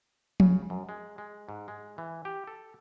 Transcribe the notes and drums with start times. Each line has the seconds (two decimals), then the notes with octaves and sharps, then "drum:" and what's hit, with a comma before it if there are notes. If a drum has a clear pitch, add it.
0.40 C#3, drum: tom F3
0.70 F#2
0.89 G#3
1.18 G#3
1.49 G#2
1.68 G#3
1.98 E3
2.25 G4
2.47 A4